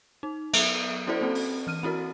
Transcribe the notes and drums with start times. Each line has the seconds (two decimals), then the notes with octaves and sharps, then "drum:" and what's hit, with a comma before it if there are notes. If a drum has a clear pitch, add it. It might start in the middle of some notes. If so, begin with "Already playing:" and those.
0.23 D#4
0.53 F#3 B3 E5, drum: cymbal
1.07 C#4 E4 F#4 A4 C5 D5
1.21 A#3 C4 A4
1.35 drum: open hi-hat
1.67 E3 F6 D#7
1.83 C4 E4 F#4 A#4